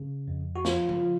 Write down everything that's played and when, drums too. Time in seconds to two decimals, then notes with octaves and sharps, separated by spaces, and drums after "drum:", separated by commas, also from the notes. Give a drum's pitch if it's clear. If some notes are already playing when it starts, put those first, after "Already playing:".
Already playing: C#3
0.28 F2
0.56 F#4
0.65 F3 F4, drum: snare
0.89 drum: tom C#3
1.01 F3